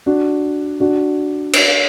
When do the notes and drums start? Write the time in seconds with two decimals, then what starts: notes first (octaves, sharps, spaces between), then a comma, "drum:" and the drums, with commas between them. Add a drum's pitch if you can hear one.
0.06 D4 F#4
0.80 D4 F#4
1.53 drum: cymbal